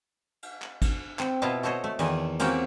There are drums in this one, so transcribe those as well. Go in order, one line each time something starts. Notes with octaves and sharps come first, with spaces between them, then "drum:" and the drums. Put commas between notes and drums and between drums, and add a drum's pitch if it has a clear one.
drum: cymbal
drum: clap
drum: kick, cymbal
C4, drum: clap
B2 E4 F4 D#5 F5 A5
F#4 A4 C5 C#5 D#5
A3
E2 D#3 G#5, drum: cymbal
A#3 C4 C#4 F#4 G4 G5, drum: cymbal